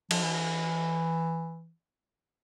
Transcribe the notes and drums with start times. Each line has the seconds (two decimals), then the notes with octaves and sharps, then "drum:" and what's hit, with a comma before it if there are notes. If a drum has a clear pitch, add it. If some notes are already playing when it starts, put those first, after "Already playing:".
0.11 F3, drum: cymbal
0.23 E3